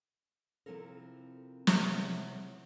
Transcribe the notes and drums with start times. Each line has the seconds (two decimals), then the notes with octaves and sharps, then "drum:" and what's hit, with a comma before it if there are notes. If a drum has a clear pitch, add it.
0.66 C3 F3 C4 E4 A4 A#4
1.67 C3 F#3 G3 E4 G#4 E5, drum: snare